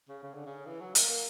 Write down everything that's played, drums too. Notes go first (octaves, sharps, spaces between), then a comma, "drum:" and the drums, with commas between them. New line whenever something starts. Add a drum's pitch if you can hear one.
C#3
C#3
D3
C#3
E3
F#3
A#3, drum: hi-hat
A#3